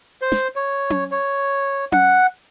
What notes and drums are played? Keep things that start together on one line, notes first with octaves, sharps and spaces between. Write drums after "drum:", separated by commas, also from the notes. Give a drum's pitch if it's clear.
C5
drum: snare
C#5
drum: tom C#4
C#5
F#5, drum: tom C#4